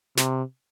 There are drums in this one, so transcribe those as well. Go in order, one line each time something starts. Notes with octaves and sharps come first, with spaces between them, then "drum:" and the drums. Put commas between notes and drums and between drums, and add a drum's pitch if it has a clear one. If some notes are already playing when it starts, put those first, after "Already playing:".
C3, drum: snare